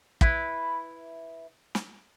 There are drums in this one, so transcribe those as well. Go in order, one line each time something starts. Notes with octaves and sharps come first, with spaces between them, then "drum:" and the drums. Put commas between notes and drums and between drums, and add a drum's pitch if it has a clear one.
E4 B4, drum: kick
drum: snare